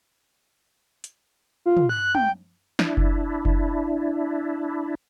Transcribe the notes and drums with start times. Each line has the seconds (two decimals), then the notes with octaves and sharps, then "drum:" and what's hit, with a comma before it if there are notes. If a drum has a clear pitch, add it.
1.04 drum: hi-hat
1.66 F4
1.77 drum: tom
1.89 F#6
2.15 G5, drum: tom
2.79 D4 E4, drum: snare
2.97 drum: kick F#1
3.45 drum: kick F#1